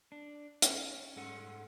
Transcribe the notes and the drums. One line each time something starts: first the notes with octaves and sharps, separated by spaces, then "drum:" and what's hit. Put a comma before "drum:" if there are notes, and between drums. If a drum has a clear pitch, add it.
D4
C#4, drum: hi-hat
G#2 A4 F#5